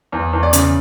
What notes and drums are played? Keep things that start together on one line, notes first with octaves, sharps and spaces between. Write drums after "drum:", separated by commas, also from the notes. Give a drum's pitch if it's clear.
E2
E2
D5
C#3, drum: hi-hat